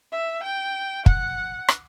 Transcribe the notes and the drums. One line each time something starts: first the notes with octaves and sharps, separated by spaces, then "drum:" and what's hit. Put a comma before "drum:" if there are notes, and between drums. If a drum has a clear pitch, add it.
E5
G5
F#5, drum: kick
drum: rim click